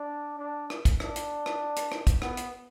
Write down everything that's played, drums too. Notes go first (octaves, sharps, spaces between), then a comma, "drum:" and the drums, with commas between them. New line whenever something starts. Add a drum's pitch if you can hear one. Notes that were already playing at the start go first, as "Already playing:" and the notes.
Already playing: D4
D4
drum: rim click
drum: kick, hi-hat
D4, drum: rim click
drum: hi-hat
drum: rim click
drum: hi-hat
drum: rim click
drum: kick, hi-hat
B3, drum: rim click
drum: hi-hat